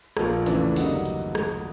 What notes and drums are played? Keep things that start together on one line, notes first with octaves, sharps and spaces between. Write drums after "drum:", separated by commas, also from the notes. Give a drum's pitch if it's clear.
A#1 A#2 F3 A#3, drum: rim click
E2 C#3 E3 A3 D4, drum: hi-hat
G2 D3 F#3 A#3 D#4, drum: open hi-hat
drum: hi-hat
drum: rim click